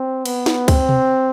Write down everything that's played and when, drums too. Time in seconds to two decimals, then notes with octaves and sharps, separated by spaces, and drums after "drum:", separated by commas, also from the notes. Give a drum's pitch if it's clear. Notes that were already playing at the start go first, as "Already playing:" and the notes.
Already playing: C4
0.25 B3, drum: cymbal
0.46 drum: snare
0.68 C4, drum: kick C#2, cymbal
0.89 drum: tom B2